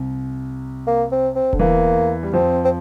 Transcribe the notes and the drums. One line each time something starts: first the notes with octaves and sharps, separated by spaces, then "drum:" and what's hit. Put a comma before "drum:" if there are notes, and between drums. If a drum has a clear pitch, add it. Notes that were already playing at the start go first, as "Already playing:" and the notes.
Already playing: C2 C3
A#3
C4
C4
D3, drum: kick E1
E2 E3 A#3
G3
F2 F3 C4
C4